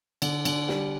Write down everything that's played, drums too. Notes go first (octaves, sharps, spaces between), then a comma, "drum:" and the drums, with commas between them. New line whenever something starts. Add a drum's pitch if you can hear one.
D3, drum: cymbal
D3, drum: cymbal
G3, drum: snare